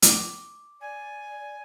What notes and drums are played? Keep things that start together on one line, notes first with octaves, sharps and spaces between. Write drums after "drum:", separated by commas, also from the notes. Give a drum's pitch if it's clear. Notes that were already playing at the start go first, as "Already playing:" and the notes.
D6, drum: hi-hat
D5 G#5